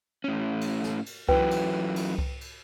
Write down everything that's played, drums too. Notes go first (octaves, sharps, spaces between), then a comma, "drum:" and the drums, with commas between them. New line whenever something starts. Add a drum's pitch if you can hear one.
A2 C#4
drum: cymbal
drum: snare
drum: cymbal
F#2 E3 F#3 B4 G5, drum: kick C2
drum: cymbal
drum: cymbal
drum: kick C2
drum: cymbal